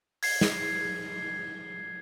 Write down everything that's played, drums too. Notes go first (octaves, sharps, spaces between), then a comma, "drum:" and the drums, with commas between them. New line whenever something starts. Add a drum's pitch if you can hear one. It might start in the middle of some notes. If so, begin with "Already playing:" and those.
G#6 C7, drum: open hi-hat
drum: snare